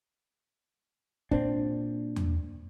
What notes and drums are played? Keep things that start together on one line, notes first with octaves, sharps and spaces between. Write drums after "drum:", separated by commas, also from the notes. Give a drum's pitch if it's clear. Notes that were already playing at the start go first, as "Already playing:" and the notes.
A#2 C4 D4, drum: kick
drum: tom E2